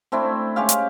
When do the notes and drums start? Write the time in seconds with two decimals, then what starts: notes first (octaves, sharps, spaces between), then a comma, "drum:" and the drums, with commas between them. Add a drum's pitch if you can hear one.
0.12 A3 C4 D4 E4
0.56 G#3 C#4 G4 F5
0.69 drum: hi-hat